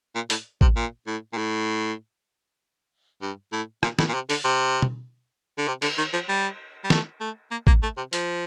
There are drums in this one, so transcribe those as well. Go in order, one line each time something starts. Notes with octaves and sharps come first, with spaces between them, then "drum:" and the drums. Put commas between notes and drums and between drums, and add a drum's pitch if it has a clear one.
A#2
A2, drum: hi-hat
C3, drum: kick
A#2
A2
A#2
A2
G2
A2
A#2, drum: rim click
A2, drum: snare
A#2
C3
D3, drum: open hi-hat
C3
drum: tom
D3
C3
D3, drum: cymbal
D#3
F3
G3
G3
A3, drum: snare
A3
A#3
A#3, drum: kick
A3
C3
F3, drum: hi-hat